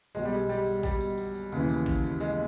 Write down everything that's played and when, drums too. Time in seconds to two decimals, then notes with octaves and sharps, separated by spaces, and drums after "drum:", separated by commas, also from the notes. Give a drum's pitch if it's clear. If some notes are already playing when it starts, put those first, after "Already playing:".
0.15 B1 B2 G#3, drum: tambourine
0.25 G3
0.34 G#3, drum: tambourine
0.49 G3, drum: tambourine
0.66 drum: tambourine
0.83 G3, drum: kick, tambourine
1.01 drum: tambourine
1.18 drum: tambourine
1.35 drum: tambourine
1.52 D#2 C#3 E3, drum: tambourine
1.69 drum: tambourine
1.86 drum: kick, tambourine
2.03 drum: tambourine
2.20 G#3, drum: tambourine